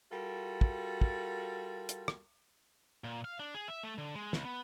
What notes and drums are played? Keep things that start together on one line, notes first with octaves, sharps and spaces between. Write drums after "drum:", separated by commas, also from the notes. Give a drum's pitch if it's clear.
G3 F4 F#4 A4 A#4
drum: kick
drum: kick
drum: hi-hat
drum: rim click
A#2
F5
D4
G#4
E5
A3
D3
G#3
C#2, drum: snare
B3